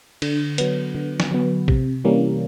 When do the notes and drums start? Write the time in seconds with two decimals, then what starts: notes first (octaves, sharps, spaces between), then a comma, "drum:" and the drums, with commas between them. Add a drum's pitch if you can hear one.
0.22 D3, drum: cymbal
0.58 F#3 B3, drum: hi-hat
0.95 D3
1.20 drum: snare
1.31 F#3 B3
1.68 C3, drum: kick
2.04 E3 G3 A#3 C#4